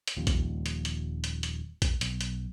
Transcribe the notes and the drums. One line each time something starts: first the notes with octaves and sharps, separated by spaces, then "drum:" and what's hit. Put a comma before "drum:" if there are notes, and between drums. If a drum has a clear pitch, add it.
drum: hi-hat
D#1 D#2 F3 G3
drum: kick A1, hi-hat
drum: hi-hat
drum: hi-hat
drum: hi-hat
drum: hi-hat
drum: kick A1, hi-hat
B1, drum: hi-hat
drum: hi-hat